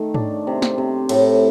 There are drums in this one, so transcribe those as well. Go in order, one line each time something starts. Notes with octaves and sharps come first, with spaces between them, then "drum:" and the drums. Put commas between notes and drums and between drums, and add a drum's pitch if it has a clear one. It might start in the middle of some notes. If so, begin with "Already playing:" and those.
Already playing: D#3 A3
D4, drum: tom G#2
C3
drum: snare
C3
A2, drum: cymbal